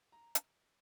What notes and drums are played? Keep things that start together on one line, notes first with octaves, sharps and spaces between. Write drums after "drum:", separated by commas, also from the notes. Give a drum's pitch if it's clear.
A#5
drum: hi-hat